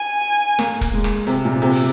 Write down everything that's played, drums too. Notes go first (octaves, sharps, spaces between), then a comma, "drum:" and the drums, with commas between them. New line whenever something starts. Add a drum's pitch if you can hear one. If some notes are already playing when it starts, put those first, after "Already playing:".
Already playing: G#5
A#3, drum: rim click
drum: kick, hi-hat
G#3
drum: rim click
C3, drum: hi-hat
A#2
C3
drum: open hi-hat